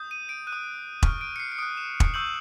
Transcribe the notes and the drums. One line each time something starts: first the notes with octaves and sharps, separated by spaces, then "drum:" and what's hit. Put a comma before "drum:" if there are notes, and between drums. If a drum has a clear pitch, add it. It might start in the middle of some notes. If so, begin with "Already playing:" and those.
Already playing: D#6 G6
D#7
D7
F#6 D#7
D#6
C#6 F6, drum: kick E1
D7
C#7
C7
C#7
D#6 F#6 D7
E7
drum: kick E1
C#6 E6 G6 F#7